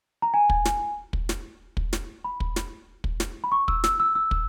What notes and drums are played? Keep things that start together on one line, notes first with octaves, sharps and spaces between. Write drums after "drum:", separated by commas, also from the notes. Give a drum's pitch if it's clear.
A#5
G#5
drum: kick
drum: snare
drum: kick
drum: snare
drum: kick
drum: snare
B5
drum: kick
drum: snare
drum: kick
drum: snare
B5
C#6
E6, drum: kick
E6, drum: snare
E6
E6
drum: kick